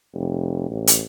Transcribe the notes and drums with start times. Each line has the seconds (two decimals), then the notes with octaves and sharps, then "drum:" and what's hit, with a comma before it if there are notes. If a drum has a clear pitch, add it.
0.14 F1
0.70 A1
0.87 drum: hi-hat